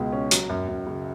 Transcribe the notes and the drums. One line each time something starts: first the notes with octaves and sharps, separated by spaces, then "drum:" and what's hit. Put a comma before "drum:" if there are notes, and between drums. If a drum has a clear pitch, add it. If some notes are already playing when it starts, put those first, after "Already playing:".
Already playing: C#2 B2 G#3
C#4
F#3, drum: hi-hat
F#2
F#2
C#3